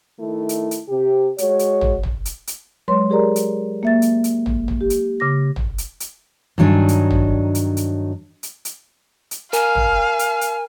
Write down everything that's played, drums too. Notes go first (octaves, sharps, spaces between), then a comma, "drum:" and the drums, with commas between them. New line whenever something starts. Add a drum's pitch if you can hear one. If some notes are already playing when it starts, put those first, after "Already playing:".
D#3 A3 E4
drum: hi-hat
drum: hi-hat
C3 G4
G#3 F#4 C#5, drum: hi-hat
drum: hi-hat
drum: tom
drum: tom
drum: hi-hat
drum: hi-hat
F#3 G#3 B4 C#5 C6
G4 G#4 A#4 D5 A#5
drum: hi-hat
A#3 E5 A6
drum: hi-hat
drum: hi-hat
drum: tom
drum: tom
G4
drum: hi-hat
C#3 D6 A#6
drum: tom
drum: hi-hat
drum: hi-hat
G2 D#3 F#3 D4 D#4 G#5
drum: hi-hat
drum: tom
drum: hi-hat
drum: hi-hat
drum: hi-hat
drum: hi-hat
drum: hi-hat
A#4 F5 G#5, drum: hi-hat
drum: tom
drum: hi-hat
drum: hi-hat